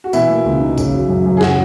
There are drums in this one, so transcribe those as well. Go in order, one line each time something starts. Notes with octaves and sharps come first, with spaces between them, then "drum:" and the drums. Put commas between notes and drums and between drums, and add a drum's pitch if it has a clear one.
F#4
B2 E3 E4, drum: tambourine
A#3
C#2
D#4
C#3, drum: kick A#1, tambourine
F#3
F#2
F#2
G#4
C#3 F#3 F#4, drum: snare